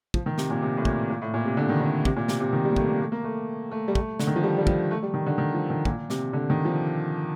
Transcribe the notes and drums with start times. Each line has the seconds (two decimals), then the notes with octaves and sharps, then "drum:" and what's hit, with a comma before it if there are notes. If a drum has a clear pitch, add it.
0.14 F3, drum: kick
0.26 D#3
0.38 C3, drum: snare
0.50 A#2
0.62 C3
0.77 A2
0.85 A#2, drum: kick
1.10 A#2
1.22 A2
1.34 A#2
1.45 C3
1.57 D3
1.69 D#3
1.80 D3
2.05 C3, drum: kick
2.16 A#2
2.28 C3, drum: snare
2.40 C3
2.53 D#3
2.65 G3
2.71 A#3
2.76 A3, drum: kick
2.89 A#3
3.00 A3
3.12 A#3
3.24 A3
3.71 A3
3.88 G3
3.95 A3, drum: kick
4.19 D3, drum: snare
4.27 D#3
4.36 F3
4.43 G3
4.58 G3
4.67 F3, drum: kick
4.91 A3
5.03 G3
5.14 D#3
5.26 D3
5.38 D#3
5.54 F3
5.70 D#3
5.85 A#2, drum: kick
6.10 C3, drum: snare
6.33 D3
6.50 D#3
6.65 F3